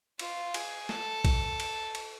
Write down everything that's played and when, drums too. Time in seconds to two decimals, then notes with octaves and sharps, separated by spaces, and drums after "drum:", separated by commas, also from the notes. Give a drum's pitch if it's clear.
0.19 F4, drum: cymbal
0.54 G#4, drum: cymbal
0.89 A4, drum: snare
1.25 drum: kick B1, cymbal
1.60 drum: cymbal
1.95 drum: cymbal